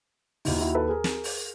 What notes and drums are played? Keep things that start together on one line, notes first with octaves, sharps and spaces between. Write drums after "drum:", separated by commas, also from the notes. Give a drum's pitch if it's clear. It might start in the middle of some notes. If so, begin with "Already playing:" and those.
D#2 D#3 E4 F#4, drum: open hi-hat
E4 F#4
A4 B4
G#4 A#4
drum: snare
drum: open hi-hat